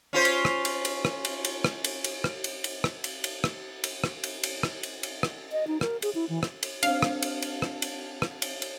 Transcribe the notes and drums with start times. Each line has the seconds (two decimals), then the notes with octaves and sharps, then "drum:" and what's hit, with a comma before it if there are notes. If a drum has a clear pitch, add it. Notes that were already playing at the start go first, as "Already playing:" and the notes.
0.13 C#4 F4 C5
0.25 drum: cymbal
0.45 drum: rim click
0.65 drum: cymbal
0.85 drum: cymbal
1.05 drum: rim click
1.25 drum: cymbal
1.45 drum: cymbal
1.64 drum: rim click
1.84 drum: cymbal
2.04 drum: cymbal
2.24 drum: rim click
2.44 drum: cymbal
2.64 drum: cymbal
2.84 drum: rim click
3.04 drum: cymbal
3.24 drum: cymbal
3.44 drum: rim click
3.84 drum: cymbal
4.04 drum: rim click
4.24 drum: cymbal
4.43 drum: cymbal
4.63 drum: rim click
4.83 drum: cymbal
5.03 drum: cymbal
5.23 drum: rim click
5.52 D#5
5.67 D#4
5.81 A#4, drum: rim click
6.02 G#4, drum: cymbal
6.15 E4
6.29 E3
6.43 drum: rim click
6.63 drum: cymbal
6.83 C4 D4 F5, drum: cymbal
7.02 drum: rim click
7.22 drum: cymbal
7.42 drum: cymbal
7.62 drum: rim click
7.82 drum: cymbal
8.22 drum: rim click
8.42 drum: cymbal
8.62 drum: cymbal